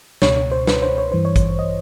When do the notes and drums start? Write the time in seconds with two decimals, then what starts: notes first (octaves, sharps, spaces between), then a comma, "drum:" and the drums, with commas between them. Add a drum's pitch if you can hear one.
0.22 C#2 B2 C#5, drum: snare
0.37 C#5
0.52 C5
0.67 B4, drum: snare
0.82 C5
0.98 C#5
1.12 G2 E3 C5
1.25 C#5
1.36 drum: kick G#1, hi-hat
1.59 D#5